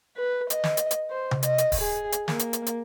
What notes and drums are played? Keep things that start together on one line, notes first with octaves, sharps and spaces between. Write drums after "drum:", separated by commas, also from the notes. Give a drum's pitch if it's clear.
B4
D#5, drum: hi-hat
drum: snare
drum: hi-hat
drum: hi-hat
C5
drum: tom C3
D#5, drum: hi-hat
drum: hi-hat
drum: kick, open hi-hat
G#4
drum: hi-hat
A#3, drum: snare
drum: hi-hat
drum: hi-hat
drum: hi-hat